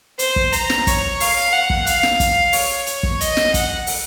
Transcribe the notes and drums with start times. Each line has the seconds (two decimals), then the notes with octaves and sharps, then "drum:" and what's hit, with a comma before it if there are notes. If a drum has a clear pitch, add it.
0.19 C5, drum: hi-hat
0.36 drum: kick
0.52 A#5, drum: hi-hat
0.70 drum: snare
0.87 C#5, drum: kick, hi-hat
1.20 F5, drum: open hi-hat
1.53 F#5
1.70 drum: kick
1.87 F5, drum: hi-hat
2.03 drum: snare
2.20 drum: kick, hi-hat
2.53 C#5, drum: open hi-hat
2.87 drum: hi-hat
3.03 drum: kick
3.21 D#5, drum: hi-hat
3.37 drum: snare
3.54 F#5, drum: kick, hi-hat
3.87 drum: open hi-hat